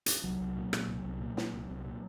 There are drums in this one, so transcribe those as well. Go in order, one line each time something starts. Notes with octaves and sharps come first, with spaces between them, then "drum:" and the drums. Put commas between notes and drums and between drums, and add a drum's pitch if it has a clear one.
drum: hi-hat
C2 F#3
C2
A#2
A#2, drum: rim click
C2
C2
A#2
A#2, drum: snare
C2
C2
A#2